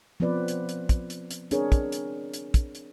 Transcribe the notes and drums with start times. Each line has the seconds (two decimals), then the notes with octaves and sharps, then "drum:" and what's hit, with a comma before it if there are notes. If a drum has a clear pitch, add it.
0.20 F3 B3 C4 F4 B4 D5
0.48 drum: hi-hat
0.69 drum: hi-hat
0.89 drum: kick, hi-hat
1.10 drum: hi-hat
1.31 drum: hi-hat
1.51 C4 D4 G#4 A#4 C#5, drum: hi-hat
1.72 drum: kick, hi-hat
1.92 drum: hi-hat
2.34 drum: hi-hat
2.54 drum: kick, hi-hat
2.75 drum: hi-hat